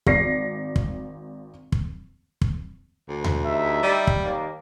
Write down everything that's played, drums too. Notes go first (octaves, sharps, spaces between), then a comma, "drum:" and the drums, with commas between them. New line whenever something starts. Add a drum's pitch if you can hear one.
G#1 D5 A#6 C7 C#7, drum: kick
drum: kick
drum: kick
drum: kick
D2
drum: tom D#2
D#4 G4 E5
G3
drum: kick
D#2 A#3